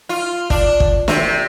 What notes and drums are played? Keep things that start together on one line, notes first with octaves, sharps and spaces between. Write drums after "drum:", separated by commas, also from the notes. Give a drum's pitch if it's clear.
F4
D4, drum: kick
drum: kick
C3, drum: snare